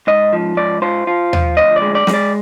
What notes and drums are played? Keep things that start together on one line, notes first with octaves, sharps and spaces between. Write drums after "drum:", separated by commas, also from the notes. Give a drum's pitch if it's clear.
G#2 D#5
F3
G#2 D5
F4 C5
F4
F3, drum: tom D#2
D2 D#5
D5
G#3
D5
G#3, drum: snare
D5